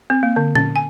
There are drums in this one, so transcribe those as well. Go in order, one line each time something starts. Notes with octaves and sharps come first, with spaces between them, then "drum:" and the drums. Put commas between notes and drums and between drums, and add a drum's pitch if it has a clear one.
C4
A#3
D3
C#4, drum: tom A#2
G#5